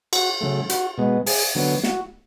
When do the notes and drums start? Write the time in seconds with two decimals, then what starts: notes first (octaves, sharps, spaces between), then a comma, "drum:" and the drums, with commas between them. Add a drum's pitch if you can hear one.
0.13 F#4, drum: cymbal
0.41 C#3 F#3 A3
0.70 F#4, drum: hi-hat
0.98 B2 G#3 B3
1.26 G#4, drum: open hi-hat
1.55 D3 F#3 B3
1.84 F#4, drum: snare